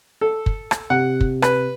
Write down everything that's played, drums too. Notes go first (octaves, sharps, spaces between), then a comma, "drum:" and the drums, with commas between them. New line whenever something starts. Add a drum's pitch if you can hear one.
A4
drum: kick
drum: rim click
C3 F#5
drum: kick
B4, drum: rim click